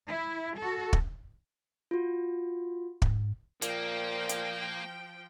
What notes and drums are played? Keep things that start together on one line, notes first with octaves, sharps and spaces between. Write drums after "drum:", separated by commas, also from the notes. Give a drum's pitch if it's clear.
E4
F#4 A4
drum: kick
F4 F#4
G#2, drum: kick
A#2 F3 A#3 G5, drum: hi-hat
drum: hi-hat